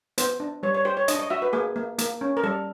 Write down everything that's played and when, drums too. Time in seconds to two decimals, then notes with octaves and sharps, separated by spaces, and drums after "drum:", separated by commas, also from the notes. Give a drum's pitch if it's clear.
0.18 B3 C5, drum: hi-hat
0.40 D4
0.63 G3 C#5
0.74 C#5
0.85 G4 C5
0.97 C#5
1.08 D4 D#5, drum: hi-hat
1.19 D#5
1.30 F#4 E5
1.42 B4
1.53 A#3 G#4
1.76 A#3
1.98 A#3, drum: hi-hat
2.21 C#4
2.37 A#4
2.44 G3 A4